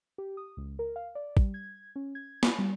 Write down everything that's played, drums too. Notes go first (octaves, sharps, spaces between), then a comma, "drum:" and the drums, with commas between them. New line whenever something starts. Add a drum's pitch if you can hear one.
G4
D#6
C#2
A#4
F5
D5
G3, drum: kick
G#6
C#4
G#6
B5, drum: snare
G3